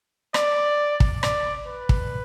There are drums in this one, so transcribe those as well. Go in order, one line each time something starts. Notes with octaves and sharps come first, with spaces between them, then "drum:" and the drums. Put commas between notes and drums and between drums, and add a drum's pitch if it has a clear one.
D5, drum: rim click
drum: kick
D5, drum: rim click
B4
drum: kick